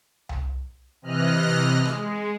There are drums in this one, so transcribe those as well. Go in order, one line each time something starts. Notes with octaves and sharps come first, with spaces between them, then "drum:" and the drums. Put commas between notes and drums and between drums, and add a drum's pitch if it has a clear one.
drum: tom C2
C3 E3 D#5 F6 F#6
G#3, drum: rim click